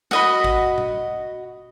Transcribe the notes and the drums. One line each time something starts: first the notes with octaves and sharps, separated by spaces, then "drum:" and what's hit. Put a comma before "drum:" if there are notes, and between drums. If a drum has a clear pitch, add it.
F#4 D#5 B5, drum: snare
drum: kick
drum: tom A#2